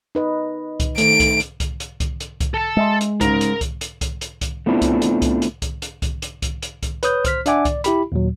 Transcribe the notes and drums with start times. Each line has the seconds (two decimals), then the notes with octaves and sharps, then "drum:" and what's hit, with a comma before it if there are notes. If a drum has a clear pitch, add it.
0.15 D#4 B4 D#5
0.80 drum: kick C2, hi-hat
0.98 D#3 A3 D7, drum: hi-hat
1.20 drum: kick C2, hi-hat
1.40 drum: hi-hat
1.60 drum: kick C2, hi-hat
1.80 drum: hi-hat
2.00 drum: kick C2, hi-hat
2.20 drum: hi-hat
2.40 drum: kick C2, hi-hat
2.54 A4 A5
2.77 G#3 D#5 E5 C6
3.01 drum: hi-hat
3.21 G#2 C#3 A#4, drum: kick C2, hi-hat
3.41 drum: hi-hat
3.61 drum: kick C2, hi-hat
3.81 drum: hi-hat
4.01 drum: kick C2, hi-hat
4.21 drum: hi-hat
4.41 drum: kick C2, hi-hat
4.66 A3 B3 C4 D4 E4 F4
4.82 drum: kick C2, hi-hat
5.02 drum: hi-hat
5.22 drum: kick C2, hi-hat
5.42 drum: hi-hat
5.62 drum: kick C2, hi-hat
5.82 drum: hi-hat
6.02 drum: kick C2, hi-hat
6.22 drum: hi-hat
6.42 drum: kick C2, hi-hat
6.62 drum: hi-hat
6.83 drum: kick C2, hi-hat
7.03 B4 C#5 D#6 G6, drum: hi-hat
7.25 C5 F6 B6, drum: kick C2, hi-hat
7.46 D4 D5 E5 F#5 G#5 D6, drum: hi-hat
7.65 D5, drum: kick C2, hi-hat
7.84 E4 G4 B5, drum: hi-hat
8.12 D#2 A#2 F#3